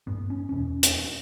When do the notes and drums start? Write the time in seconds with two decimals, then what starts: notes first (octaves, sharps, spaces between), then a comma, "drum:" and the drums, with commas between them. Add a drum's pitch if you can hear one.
0.07 G2 B3
0.30 C#4
0.49 E2 B2 C#4
0.83 drum: hi-hat